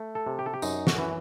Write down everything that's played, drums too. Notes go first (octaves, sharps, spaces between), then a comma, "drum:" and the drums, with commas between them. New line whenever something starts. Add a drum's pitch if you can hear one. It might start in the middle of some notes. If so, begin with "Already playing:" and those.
Already playing: A3
A4
C3
G4
A4
G4
F#2 D#4, drum: tambourine
F#4, drum: snare
E3